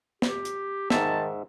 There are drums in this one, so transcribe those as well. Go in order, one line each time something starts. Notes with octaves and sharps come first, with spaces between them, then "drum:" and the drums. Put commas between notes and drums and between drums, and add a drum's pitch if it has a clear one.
G4, drum: snare
drum: hi-hat
G#2 D#3 E5 A5, drum: snare